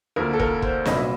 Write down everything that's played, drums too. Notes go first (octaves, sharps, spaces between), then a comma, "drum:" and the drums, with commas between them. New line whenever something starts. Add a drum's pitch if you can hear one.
D2 D3 F3 A#3 A#4
A4
A#4, drum: kick
C5, drum: kick
C2 A#2 F#3 B3 D#5, drum: snare
E5